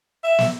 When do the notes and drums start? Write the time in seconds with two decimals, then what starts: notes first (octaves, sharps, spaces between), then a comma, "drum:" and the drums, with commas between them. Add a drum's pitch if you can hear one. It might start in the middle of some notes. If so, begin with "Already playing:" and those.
0.23 E5
0.39 drum: snare